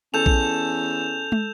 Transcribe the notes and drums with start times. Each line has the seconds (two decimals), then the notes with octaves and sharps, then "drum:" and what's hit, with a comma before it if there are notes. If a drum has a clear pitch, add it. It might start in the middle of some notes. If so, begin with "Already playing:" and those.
0.14 E2 C#4 A4 G6 E7 F7
0.26 drum: kick A#1
1.32 drum: tom